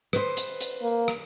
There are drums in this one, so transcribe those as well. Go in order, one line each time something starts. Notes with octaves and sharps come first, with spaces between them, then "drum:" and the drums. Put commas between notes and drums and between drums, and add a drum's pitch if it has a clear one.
B4 C5, drum: rim click
drum: hi-hat
drum: hi-hat
A#3
drum: rim click